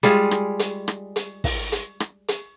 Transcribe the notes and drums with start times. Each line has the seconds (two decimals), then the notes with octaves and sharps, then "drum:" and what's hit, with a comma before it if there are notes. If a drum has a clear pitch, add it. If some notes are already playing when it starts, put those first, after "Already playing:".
0.03 G3 G#3 F4 G#4, drum: hi-hat
0.31 drum: rim click
0.59 drum: hi-hat
0.88 drum: rim click
1.16 drum: hi-hat
1.44 drum: kick, open hi-hat
1.72 drum: hi-hat
2.00 drum: rim click
2.28 drum: hi-hat